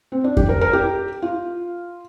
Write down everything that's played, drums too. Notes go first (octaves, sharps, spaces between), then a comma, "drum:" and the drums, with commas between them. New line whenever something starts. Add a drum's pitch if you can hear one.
C4
D4
G4, drum: kick F2
A#4
A#4
G4
F4